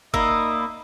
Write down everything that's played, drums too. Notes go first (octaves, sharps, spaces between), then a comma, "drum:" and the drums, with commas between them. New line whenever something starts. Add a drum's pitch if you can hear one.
A#3 D#4 D5 E5 B5 D#6 E6, drum: kick F#1